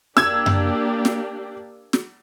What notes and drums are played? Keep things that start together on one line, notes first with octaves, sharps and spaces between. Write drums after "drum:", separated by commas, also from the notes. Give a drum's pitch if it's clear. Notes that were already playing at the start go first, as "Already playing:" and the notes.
A#3 D4 G4 E6 G#6, drum: snare
drum: tom F#2
drum: snare
drum: snare